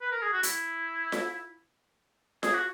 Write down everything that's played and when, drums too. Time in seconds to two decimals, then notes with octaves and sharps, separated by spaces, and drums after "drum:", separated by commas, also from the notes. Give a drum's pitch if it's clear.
0.01 B4
0.12 A#4
0.22 G#4
0.33 F#4
0.43 E4, drum: hi-hat
1.12 drum: snare F4
2.43 G#4, drum: snare F4
2.54 F#4